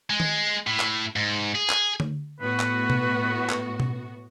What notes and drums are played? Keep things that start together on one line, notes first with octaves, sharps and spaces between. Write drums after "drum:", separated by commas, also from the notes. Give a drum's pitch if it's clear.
G#3
drum: tom D#3
A2
drum: clap
G#2
G#4
drum: clap
drum: tom D3
A2 B3 F#4 B4
drum: clap
drum: tom B2
drum: clap
drum: tom B2